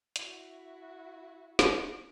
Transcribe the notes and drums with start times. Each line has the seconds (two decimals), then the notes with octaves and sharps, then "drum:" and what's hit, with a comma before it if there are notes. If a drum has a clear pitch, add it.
0.16 E4 F#4, drum: hi-hat
1.59 drum: snare